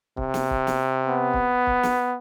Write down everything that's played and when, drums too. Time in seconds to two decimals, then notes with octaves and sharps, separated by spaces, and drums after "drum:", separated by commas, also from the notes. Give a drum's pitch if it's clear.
0.17 C3, drum: kick C#1
0.34 drum: snare
0.50 drum: kick C#1
0.67 drum: snare
1.07 B3
1.33 drum: kick C#1
1.67 drum: kick C#1
1.83 drum: snare